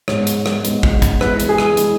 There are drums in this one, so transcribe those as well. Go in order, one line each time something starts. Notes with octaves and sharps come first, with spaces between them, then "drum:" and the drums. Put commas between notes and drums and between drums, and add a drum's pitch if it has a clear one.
G#2 G#3 B3 C#5, drum: rim click
drum: hi-hat
drum: rim click
G#2 G#3 B3, drum: hi-hat
drum: kick
drum: kick, hi-hat
E2 E3 G#3 B4, drum: rim click
drum: hi-hat
G#4
drum: rim click
E3 G#3, drum: hi-hat